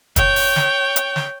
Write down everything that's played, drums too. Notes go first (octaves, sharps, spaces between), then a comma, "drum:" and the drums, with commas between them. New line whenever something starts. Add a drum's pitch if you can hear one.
C#5 G5, drum: kick, hi-hat
drum: open hi-hat
drum: snare
drum: hi-hat
drum: snare